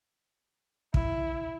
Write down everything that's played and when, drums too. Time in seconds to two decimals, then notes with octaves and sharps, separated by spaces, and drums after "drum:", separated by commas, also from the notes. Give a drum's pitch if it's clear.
0.94 E4, drum: kick